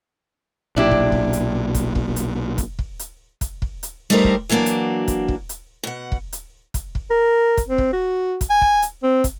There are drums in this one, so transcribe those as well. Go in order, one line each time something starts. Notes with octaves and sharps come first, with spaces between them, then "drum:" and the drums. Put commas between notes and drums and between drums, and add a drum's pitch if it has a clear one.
B1 A#2 D4 E4 G4
drum: kick
drum: kick
drum: hi-hat
drum: kick, hi-hat
drum: kick
drum: hi-hat
drum: kick, hi-hat
drum: kick
drum: hi-hat
drum: kick, hi-hat
drum: kick
drum: hi-hat
G3 A3 D4 D#4 A#4 C5
drum: kick
E3 F#3 A#3 D4 F#4
drum: hi-hat
drum: kick, hi-hat
drum: kick
drum: hi-hat
B2 F#5
drum: kick
drum: hi-hat
drum: kick, hi-hat
drum: kick
A#4
drum: kick, hi-hat
C4
drum: kick
F#4
drum: kick, hi-hat
G#5
drum: kick
drum: hi-hat
C4
drum: kick, hi-hat